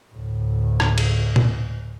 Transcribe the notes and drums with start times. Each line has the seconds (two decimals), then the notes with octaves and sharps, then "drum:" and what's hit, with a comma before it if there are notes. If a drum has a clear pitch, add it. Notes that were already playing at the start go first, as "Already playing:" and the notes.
0.13 D2 A2
0.80 drum: rim click
0.98 drum: cymbal
1.36 drum: tom A#2